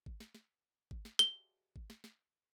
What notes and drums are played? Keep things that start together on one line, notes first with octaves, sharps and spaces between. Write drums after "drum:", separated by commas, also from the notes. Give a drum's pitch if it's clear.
drum: kick G#1
drum: snare
drum: snare
drum: kick G#1
drum: snare
G7, drum: snare
drum: kick G#1
drum: snare
drum: snare